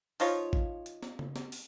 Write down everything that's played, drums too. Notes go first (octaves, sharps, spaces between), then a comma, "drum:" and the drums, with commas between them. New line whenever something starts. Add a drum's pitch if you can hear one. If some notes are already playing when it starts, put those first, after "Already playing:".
F3 D#4 F4 C#5, drum: open hi-hat
drum: kick A#1
drum: hi-hat
drum: snare
drum: tom C#3
drum: snare
drum: open hi-hat